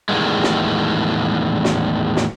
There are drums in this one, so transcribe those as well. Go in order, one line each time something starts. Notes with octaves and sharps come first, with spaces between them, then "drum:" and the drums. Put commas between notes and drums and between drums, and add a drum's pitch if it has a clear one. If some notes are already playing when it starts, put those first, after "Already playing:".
E2 A2 C3 D#3 G3 G#3
drum: snare
drum: snare
drum: snare